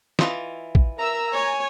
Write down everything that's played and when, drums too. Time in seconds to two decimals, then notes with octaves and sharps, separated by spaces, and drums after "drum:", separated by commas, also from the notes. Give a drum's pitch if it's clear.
0.19 E3 F4 D#5, drum: snare
0.75 drum: kick A#1
0.99 A#4 E5 A#5 E6
1.33 C#5 G#5